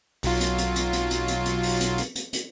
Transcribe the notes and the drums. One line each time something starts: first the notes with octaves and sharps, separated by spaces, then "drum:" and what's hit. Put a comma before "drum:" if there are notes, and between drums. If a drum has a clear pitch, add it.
B1 F#3 F4, drum: open hi-hat
drum: hi-hat
drum: hi-hat
drum: hi-hat
drum: hi-hat
drum: hi-hat
drum: hi-hat
drum: hi-hat
drum: open hi-hat
drum: hi-hat
drum: hi-hat
drum: hi-hat
drum: hi-hat